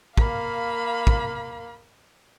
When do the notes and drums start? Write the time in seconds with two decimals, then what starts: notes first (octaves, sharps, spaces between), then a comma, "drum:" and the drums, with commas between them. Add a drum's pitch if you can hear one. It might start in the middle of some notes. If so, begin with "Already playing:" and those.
0.17 A#3 F5 B5, drum: kick
1.07 drum: kick